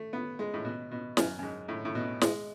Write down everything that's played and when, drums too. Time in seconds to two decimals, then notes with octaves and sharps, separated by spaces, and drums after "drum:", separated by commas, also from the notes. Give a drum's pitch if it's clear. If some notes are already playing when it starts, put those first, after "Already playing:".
Already playing: A3
0.13 B3
0.39 G#3
0.54 A2
0.65 B2
0.91 B2
1.17 F#2, drum: snare
1.39 F#2
1.43 G#2
1.68 A2
1.85 A2
1.95 B2
2.21 G#3, drum: snare